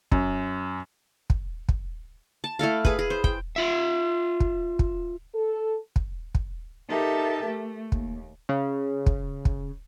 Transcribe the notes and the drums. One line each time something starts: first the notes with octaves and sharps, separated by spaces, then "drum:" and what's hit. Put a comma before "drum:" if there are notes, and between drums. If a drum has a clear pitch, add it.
F#2, drum: kick
drum: kick
drum: kick
A5
A3 E4 A4 F5
G#4 B4, drum: kick
G#4
C5
G5, drum: kick
F4 E5
drum: kick
drum: kick
A4
drum: kick
drum: kick
D#4 G4 A4 A#4 E5 A5
A3
D#2, drum: kick
C#3
drum: kick
drum: kick